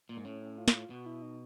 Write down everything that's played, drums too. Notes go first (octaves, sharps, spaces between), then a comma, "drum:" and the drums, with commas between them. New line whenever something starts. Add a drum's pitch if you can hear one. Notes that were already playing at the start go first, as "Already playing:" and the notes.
A#2 A#3
G#2
A2 C#4
C#4
F4
drum: snare
B2 F#4
E4
D#4